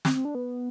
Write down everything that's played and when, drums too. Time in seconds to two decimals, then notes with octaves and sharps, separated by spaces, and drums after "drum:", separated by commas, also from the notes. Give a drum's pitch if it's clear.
0.05 C4, drum: snare
0.15 C4
0.25 D4
0.35 B3